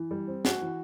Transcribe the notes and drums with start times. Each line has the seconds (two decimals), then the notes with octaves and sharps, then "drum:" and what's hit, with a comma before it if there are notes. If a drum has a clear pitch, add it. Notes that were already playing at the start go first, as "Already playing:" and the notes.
Already playing: E3
0.11 G3
0.28 C4
0.45 F#4, drum: snare
0.61 E3